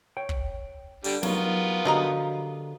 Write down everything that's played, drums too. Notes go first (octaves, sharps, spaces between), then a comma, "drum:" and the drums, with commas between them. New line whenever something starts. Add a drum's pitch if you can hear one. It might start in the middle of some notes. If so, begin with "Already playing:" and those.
C#5 G5
drum: kick
D3 G3, drum: open hi-hat
F#3 B3 D#4 F4 A#4, drum: snare
D3 F3 F#4 G4 D#5 A#5